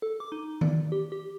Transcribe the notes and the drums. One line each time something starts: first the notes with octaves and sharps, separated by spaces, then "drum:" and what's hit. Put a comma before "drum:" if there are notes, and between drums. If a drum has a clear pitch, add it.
A4
D6
D#4
D5, drum: tom D#3
G4
G4